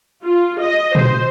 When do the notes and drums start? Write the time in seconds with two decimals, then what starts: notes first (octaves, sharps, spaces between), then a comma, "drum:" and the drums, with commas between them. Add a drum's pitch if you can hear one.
0.24 F4
0.61 D#5
0.95 C5, drum: tom A#2